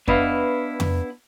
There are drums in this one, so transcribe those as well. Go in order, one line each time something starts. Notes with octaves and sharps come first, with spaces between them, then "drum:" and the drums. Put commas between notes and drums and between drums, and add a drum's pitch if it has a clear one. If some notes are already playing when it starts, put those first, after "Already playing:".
B3 D4 E4 B4 D#5 F5, drum: kick F2
drum: tom F2